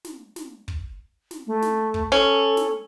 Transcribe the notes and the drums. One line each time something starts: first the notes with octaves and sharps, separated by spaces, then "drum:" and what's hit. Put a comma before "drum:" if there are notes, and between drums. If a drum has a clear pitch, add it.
drum: snare
drum: snare
drum: kick
drum: snare
A3
drum: snare
drum: kick
C#4 A4
drum: snare